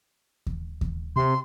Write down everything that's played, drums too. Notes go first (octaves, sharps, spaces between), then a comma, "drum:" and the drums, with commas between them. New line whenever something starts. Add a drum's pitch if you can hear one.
drum: kick D#2
drum: kick D#2
C3 C6